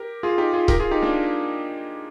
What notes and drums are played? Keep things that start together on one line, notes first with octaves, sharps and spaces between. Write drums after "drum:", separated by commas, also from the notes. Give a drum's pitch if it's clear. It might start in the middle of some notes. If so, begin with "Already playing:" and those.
Already playing: G4 A#4
F4 G#4
D#4 G4
F4 G#4
G4 A#4, drum: kick C#1
F4 G#4
D#4 G4
A#3 D4